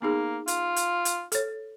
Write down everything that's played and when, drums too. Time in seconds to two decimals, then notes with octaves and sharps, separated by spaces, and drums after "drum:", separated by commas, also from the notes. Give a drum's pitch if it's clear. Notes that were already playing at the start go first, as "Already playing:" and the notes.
0.02 A#3 B3 D#4 G#4
0.48 F4, drum: hi-hat
0.76 drum: hi-hat
1.05 drum: hi-hat
1.32 A4 C#5, drum: hi-hat